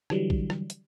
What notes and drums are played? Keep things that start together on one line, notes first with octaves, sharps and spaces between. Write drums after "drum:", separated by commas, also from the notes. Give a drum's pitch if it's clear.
D3 E3 F#3 G3, drum: rim click
drum: kick A#1
drum: rim click
drum: hi-hat